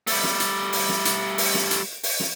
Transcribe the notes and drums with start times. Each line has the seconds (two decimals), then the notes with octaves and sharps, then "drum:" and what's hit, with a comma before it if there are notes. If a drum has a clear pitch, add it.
0.07 G3 A3, drum: open hi-hat
0.23 drum: snare
0.40 drum: hi-hat
0.73 drum: open hi-hat
0.89 drum: snare
1.05 drum: hi-hat
1.38 drum: open hi-hat
1.54 drum: snare
1.71 drum: hi-hat
2.03 drum: open hi-hat
2.20 drum: snare